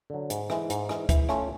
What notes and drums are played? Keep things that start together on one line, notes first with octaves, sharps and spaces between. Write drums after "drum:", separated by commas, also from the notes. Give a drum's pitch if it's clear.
D3 F#3
G#2, drum: hi-hat
E3 G#3, drum: rim click
G#2, drum: hi-hat
E3 G#3, drum: rim click
E3, drum: kick, hi-hat
A3 C#4 F4, drum: rim click